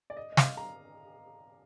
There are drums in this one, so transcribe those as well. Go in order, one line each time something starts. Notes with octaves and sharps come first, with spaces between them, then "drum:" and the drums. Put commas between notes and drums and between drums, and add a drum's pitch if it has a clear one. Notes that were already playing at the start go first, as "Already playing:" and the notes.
D5
D#5
D#5
F5, drum: snare
A#5